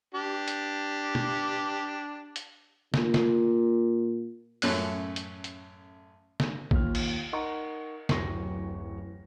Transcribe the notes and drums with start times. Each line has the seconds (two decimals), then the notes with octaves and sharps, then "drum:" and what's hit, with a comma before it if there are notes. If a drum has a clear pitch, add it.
0.14 D4 G4
0.48 drum: hi-hat
1.15 drum: tom
2.36 drum: hi-hat
2.94 A#2, drum: snare
3.14 drum: snare
4.62 A1 F#2 A3 C#5 F#6, drum: open hi-hat
5.16 drum: hi-hat
5.44 drum: hi-hat
6.40 drum: snare
6.71 D#2 F4 F6, drum: kick A1
6.95 drum: cymbal
7.32 D#4 A#4 D#5 F#5 A#5 C#6
8.09 D1 F#2 E3 G4 C#6 A#6, drum: snare